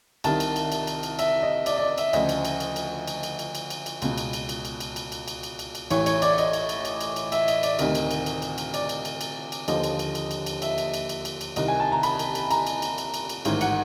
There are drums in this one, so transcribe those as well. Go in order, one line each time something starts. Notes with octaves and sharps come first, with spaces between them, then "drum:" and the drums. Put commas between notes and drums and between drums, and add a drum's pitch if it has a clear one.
C2 C3 D#3 A5, drum: cymbal
drum: cymbal
drum: cymbal
drum: cymbal
drum: cymbal
drum: cymbal
E5, drum: cymbal
D#5
D5, drum: cymbal
D5
D#5
E5, drum: cymbal
D2 C#3 F3 D#5, drum: cymbal
drum: cymbal
drum: cymbal
drum: cymbal
drum: cymbal
drum: cymbal
drum: cymbal
drum: cymbal
drum: cymbal
drum: cymbal
drum: cymbal
C#2 B2, drum: cymbal
drum: cymbal
drum: cymbal
drum: cymbal
drum: cymbal
drum: cymbal
drum: cymbal
drum: cymbal
drum: cymbal
drum: cymbal
drum: cymbal
drum: cymbal
A1 A2 E3 C#5, drum: cymbal
C#5, drum: cymbal
D5, drum: cymbal
D#5, drum: cymbal
drum: cymbal
drum: cymbal
drum: cymbal
drum: cymbal
drum: cymbal
E5, drum: cymbal
D#5, drum: cymbal
D5, drum: cymbal
D2 C3 D#3 D#5, drum: cymbal
drum: cymbal
drum: cymbal
drum: cymbal
drum: cymbal
drum: cymbal
D5, drum: cymbal
drum: cymbal
drum: cymbal
drum: cymbal
drum: cymbal
D#2 D3 F3 D#5, drum: cymbal
drum: cymbal
drum: cymbal
drum: cymbal
drum: cymbal
drum: cymbal
E5, drum: cymbal
drum: cymbal
drum: cymbal
drum: cymbal
drum: cymbal
drum: cymbal
C2 C3 D#3 D#5, drum: cymbal
G#5
A5
A#5
B5, drum: cymbal
drum: cymbal
drum: cymbal
A#5, drum: cymbal
drum: cymbal
drum: cymbal
drum: cymbal
drum: cymbal
drum: cymbal
A1 G#2 D#3, drum: cymbal
F#5, drum: cymbal